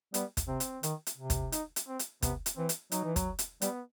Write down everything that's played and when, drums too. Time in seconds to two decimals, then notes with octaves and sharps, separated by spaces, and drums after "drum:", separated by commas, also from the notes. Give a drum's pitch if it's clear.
0.14 G3 B3, drum: hi-hat
0.37 drum: kick, hi-hat
0.48 C3 C4
0.60 drum: hi-hat
0.83 D#3, drum: hi-hat
1.07 drum: hi-hat
1.18 C3
1.30 drum: kick, hi-hat
1.52 D#4, drum: hi-hat
1.76 drum: hi-hat
1.88 C4
1.99 drum: hi-hat
2.22 C3 B3, drum: kick, hi-hat
2.46 drum: hi-hat
2.57 E3 C4
2.69 drum: hi-hat
2.92 F#3 D#4, drum: hi-hat
3.04 E3
3.16 F#3, drum: kick, hi-hat
3.39 drum: hi-hat
3.62 G3 B3, drum: hi-hat